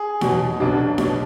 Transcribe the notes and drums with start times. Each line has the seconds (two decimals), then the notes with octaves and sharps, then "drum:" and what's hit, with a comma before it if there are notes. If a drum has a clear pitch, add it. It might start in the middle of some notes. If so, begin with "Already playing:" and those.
Already playing: G#4
0.21 E2 B2 F#3, drum: snare D#4
0.60 B1 B2 F#3 D4
0.98 B1 B2 F#3, drum: snare D#4